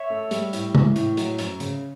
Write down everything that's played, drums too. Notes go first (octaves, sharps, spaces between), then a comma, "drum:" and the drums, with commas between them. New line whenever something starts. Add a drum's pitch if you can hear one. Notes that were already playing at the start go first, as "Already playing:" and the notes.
Already playing: C#5 E5
A3
G3, drum: hi-hat
A2, drum: hi-hat
E3, drum: tom C3
A2, drum: hi-hat
F#3, drum: hi-hat
F#2, drum: hi-hat
C#3, drum: hi-hat